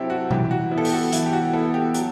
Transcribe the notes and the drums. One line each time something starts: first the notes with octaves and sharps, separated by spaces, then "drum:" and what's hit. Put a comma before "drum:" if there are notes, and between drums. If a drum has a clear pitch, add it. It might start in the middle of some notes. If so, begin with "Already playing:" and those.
Already playing: F#3 C4 E4 G4 A4
F#4
E3 G4, drum: tom A#2
F#4
B3 E4
A4
G4, drum: open hi-hat
F#4
E3 E4, drum: hi-hat
G4
F#4
B3 E4 A4
G4
F#3, drum: hi-hat